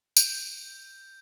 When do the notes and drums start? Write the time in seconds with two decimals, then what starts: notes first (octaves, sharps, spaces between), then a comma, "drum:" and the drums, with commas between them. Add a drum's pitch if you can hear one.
0.16 G6, drum: tambourine